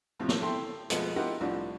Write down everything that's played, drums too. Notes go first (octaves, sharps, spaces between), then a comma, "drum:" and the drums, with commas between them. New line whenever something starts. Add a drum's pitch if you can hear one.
F2 A2 C3 F3
drum: snare
E4 A4 E5 G5 C6
F2 B2 F3 G#3 A3 B3, drum: hi-hat
E4 F4 G4 A#4 D#5 F#5
C2 A2 F3 D4